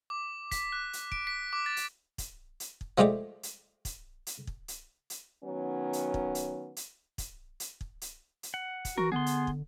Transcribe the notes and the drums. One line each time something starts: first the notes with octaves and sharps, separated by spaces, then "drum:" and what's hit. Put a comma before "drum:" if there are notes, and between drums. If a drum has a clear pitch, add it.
D6
B6, drum: kick, hi-hat
F#6
drum: hi-hat
D7, drum: kick
B6
D6
A6
drum: hi-hat
drum: kick, hi-hat
drum: hi-hat
drum: kick
F3 G#3 A3 G4 D5
drum: hi-hat
drum: kick, hi-hat
drum: hi-hat
drum: kick
drum: hi-hat
drum: hi-hat
D#3 F#3 B3 C#4
drum: hi-hat
drum: kick
drum: hi-hat
drum: hi-hat
drum: kick, hi-hat
drum: hi-hat
drum: kick
drum: hi-hat
drum: hi-hat
F#5
drum: kick, hi-hat
E3 F#4 A#4
D3 B3 G#4 C6
drum: hi-hat
drum: kick